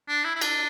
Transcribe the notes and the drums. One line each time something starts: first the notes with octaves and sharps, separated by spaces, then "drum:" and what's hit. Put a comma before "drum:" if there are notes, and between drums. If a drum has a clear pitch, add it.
D4
E4
E4
D4, drum: cymbal